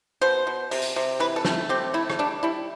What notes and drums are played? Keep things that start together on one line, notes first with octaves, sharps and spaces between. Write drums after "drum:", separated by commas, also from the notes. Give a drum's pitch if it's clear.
B2 C5
B2
C3, drum: open hi-hat
drum: tambourine
C3
E3 B4
A4
A3, drum: snare
C4 G4
A3 E4
drum: rim click
G3 D4
G3 E4